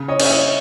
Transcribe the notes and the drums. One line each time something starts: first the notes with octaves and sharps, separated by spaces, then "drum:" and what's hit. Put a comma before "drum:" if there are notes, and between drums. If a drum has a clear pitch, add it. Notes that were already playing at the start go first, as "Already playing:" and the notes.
Already playing: C#3
C#5 D#5
C#4, drum: cymbal
E5
C#5 D#5